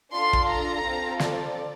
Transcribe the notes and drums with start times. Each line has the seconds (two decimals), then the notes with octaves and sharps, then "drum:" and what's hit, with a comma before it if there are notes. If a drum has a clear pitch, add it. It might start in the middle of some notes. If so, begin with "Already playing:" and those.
0.12 D4 F4 A4 C6
0.33 drum: kick
0.49 A#5
0.84 C4 F4 A4
1.19 D5, drum: snare